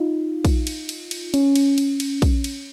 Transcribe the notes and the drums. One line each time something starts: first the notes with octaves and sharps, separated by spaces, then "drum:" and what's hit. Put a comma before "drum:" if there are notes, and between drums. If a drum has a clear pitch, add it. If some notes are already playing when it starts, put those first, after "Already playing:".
Already playing: D#4 F4
drum: kick, cymbal
drum: cymbal
drum: cymbal
drum: cymbal
C#4, drum: cymbal
drum: cymbal
drum: cymbal
drum: cymbal
drum: kick, cymbal
drum: cymbal